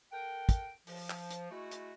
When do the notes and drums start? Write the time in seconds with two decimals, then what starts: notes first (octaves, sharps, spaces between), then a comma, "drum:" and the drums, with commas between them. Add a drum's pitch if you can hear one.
0.12 A4 A#4 F#5 G5
0.49 drum: kick, hi-hat
0.87 F3, drum: open hi-hat
1.10 drum: clap
1.31 drum: hi-hat
1.51 G#3 A3 E4 F#4
1.71 drum: hi-hat